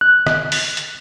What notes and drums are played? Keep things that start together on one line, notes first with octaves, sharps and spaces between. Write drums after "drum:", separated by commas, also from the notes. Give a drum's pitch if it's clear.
F#6
drum: rim click
drum: open hi-hat
drum: hi-hat